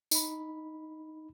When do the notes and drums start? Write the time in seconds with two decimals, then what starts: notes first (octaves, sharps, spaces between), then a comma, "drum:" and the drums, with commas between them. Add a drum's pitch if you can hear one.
0.11 D#4 B5, drum: tambourine